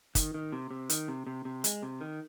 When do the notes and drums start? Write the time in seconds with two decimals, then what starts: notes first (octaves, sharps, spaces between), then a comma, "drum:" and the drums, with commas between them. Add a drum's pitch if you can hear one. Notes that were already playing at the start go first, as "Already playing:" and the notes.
0.15 D#3, drum: kick, hi-hat
0.34 D#3
0.52 C3
0.71 C3
0.90 D#3, drum: hi-hat
1.08 C3
1.27 C3
1.45 C3
1.64 G#3, drum: hi-hat
1.83 C3
2.01 D#3